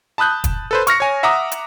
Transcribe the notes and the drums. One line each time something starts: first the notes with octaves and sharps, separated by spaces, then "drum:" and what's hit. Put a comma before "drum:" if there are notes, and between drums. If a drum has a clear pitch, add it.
A5 B5 D#6 F#6 G6
drum: kick, hi-hat
A4 B4 C5
C#6 F6 A#6 C#7, drum: hi-hat
C#5 G#5
E5 F#5 A#5 D6 D#6
drum: hi-hat